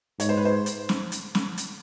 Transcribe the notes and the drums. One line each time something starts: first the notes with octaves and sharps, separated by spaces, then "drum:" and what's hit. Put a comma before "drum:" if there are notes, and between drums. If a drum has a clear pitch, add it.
G#2 C#5, drum: hi-hat
C5
B4
C5
drum: hi-hat
drum: snare
drum: hi-hat
drum: snare
drum: hi-hat